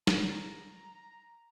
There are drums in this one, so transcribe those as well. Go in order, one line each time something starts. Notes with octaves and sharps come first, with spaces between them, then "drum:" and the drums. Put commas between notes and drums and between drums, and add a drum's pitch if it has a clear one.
A#5, drum: snare